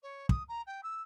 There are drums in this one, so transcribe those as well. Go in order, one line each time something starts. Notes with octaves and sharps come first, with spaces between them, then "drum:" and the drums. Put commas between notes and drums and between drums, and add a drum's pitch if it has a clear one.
C#5
D#6, drum: kick
A#5
G5
E6